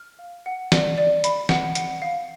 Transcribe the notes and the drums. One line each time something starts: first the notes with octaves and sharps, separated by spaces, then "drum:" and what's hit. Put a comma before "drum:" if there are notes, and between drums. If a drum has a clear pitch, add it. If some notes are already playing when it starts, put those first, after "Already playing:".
Already playing: F6
F5
F#5
D5, drum: snare
D5
B5, drum: hi-hat
F#5, drum: snare
F#5, drum: hi-hat
F5